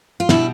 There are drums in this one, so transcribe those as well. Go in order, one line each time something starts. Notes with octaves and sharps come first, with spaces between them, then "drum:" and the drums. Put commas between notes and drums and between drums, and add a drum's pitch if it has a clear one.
F4
B2 G3 D4 E4, drum: snare